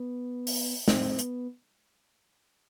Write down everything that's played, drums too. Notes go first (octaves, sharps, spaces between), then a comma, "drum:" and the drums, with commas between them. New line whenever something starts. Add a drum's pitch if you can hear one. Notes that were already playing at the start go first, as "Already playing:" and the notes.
Already playing: B3
drum: open hi-hat
C4, drum: snare
B3, drum: hi-hat